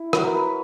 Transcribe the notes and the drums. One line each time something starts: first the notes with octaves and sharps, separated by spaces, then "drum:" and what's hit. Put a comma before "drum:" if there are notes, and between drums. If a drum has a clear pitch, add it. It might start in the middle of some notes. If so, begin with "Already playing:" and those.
Already playing: E4
F#3 B4, drum: rim click
A#4
B4